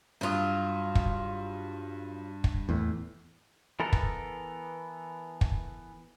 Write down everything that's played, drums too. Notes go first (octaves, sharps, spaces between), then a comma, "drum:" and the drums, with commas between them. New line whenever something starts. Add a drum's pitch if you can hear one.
G2 F#3 F4 D#6
drum: kick
drum: kick
E2 A2
E3 B3 A4 A#4
drum: kick
drum: kick